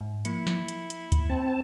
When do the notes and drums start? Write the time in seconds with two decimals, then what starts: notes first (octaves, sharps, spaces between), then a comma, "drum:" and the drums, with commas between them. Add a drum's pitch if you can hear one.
0.01 G#2
0.25 F3 A#3 E4 C#7, drum: hi-hat
0.47 drum: snare
0.68 drum: hi-hat
0.90 drum: hi-hat
1.12 drum: kick D2, hi-hat
1.29 C4 A5